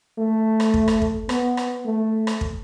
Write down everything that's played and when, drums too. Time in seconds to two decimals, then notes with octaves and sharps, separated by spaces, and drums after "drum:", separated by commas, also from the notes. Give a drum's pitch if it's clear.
0.18 A3
0.60 drum: rim click
0.74 drum: kick
0.88 drum: rim click
1.02 drum: kick
1.29 B3, drum: rim click
1.57 drum: rim click
1.85 A3
2.27 drum: rim click
2.41 drum: kick